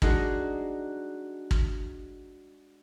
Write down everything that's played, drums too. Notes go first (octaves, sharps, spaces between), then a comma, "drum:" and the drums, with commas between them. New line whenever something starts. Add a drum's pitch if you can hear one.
G#3 D4 D#4 F#4 G#4, drum: kick
drum: kick